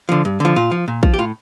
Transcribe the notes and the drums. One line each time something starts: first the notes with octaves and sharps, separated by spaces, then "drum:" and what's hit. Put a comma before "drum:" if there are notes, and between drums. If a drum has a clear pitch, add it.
D3 F3
G2
D3 F3
A#2 F4
F3
A#2
F3, drum: kick
G4
A2 F4